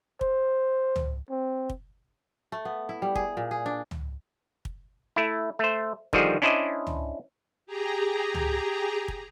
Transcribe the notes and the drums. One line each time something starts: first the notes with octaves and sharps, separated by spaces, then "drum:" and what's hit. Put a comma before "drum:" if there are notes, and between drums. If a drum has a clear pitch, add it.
C5, drum: kick
drum: tom C#2
C4
drum: kick
A3
B3
E4
G3
G#4, drum: kick
A#2
G#4
D4
drum: tom C#2
drum: kick
A3 E4
A3 C5
D3 D#3 F3 G3 F#4 G#4, drum: kick
C#4 D4 E4 C5 D5 D#5
drum: tom C#2
G4 G#4 A#5
drum: tom C#2
drum: kick